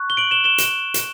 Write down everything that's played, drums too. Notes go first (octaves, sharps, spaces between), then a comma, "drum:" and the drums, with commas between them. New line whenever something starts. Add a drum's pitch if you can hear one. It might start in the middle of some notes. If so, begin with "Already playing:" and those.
Already playing: C#6 F#6
G7
D7 F#7
E7 G7
E7 G7
drum: hi-hat
drum: hi-hat